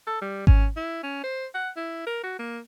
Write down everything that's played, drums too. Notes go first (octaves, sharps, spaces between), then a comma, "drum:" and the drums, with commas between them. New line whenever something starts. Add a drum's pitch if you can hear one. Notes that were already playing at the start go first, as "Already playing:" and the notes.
A4
G3
C#4, drum: kick G#1
E4
C#4
C5
F#5
E4
A#4
F#4
A#3